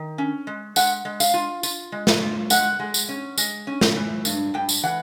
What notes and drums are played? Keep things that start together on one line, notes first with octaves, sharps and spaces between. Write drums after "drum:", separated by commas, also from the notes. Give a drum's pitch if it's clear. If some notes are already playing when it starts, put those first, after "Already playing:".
Already playing: D#3
C#4
G#3
G#3 F#5, drum: tambourine
G#3
F5, drum: tambourine
F4
F4, drum: tambourine
G#3
drum: snare
F4
G#3 F#5, drum: tambourine
G#3
drum: tambourine
C#4
G#3, drum: tambourine
C#4
drum: snare
E3
G2, drum: tambourine
G2 G5
drum: tambourine
E3 F#5